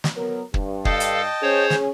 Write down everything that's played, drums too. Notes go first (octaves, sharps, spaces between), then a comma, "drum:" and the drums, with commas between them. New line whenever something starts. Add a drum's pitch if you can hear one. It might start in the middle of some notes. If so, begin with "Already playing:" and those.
drum: snare
F#3 B3 A#4
G2, drum: kick
A4 D#5 F5 G5 A5, drum: kick
drum: hi-hat
C#4 G#4 C5 C#5
drum: snare